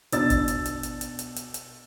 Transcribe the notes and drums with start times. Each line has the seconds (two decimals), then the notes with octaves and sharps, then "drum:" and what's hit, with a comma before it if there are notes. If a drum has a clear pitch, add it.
0.12 B2 D4 D5 E6 A6, drum: hi-hat
0.30 drum: kick, hi-hat
0.48 drum: hi-hat
0.66 drum: hi-hat
0.83 drum: hi-hat
1.01 drum: hi-hat
1.19 drum: hi-hat
1.36 drum: hi-hat
1.54 drum: hi-hat